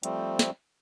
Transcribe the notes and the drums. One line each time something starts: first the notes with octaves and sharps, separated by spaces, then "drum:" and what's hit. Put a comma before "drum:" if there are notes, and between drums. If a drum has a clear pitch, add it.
F3 G3 A3 C4, drum: hi-hat
drum: snare